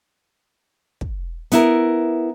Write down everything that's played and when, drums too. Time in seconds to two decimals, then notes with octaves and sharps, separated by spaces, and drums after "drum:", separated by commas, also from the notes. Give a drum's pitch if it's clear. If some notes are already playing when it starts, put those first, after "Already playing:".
1.01 drum: kick
1.52 B3 E4 A#4, drum: hi-hat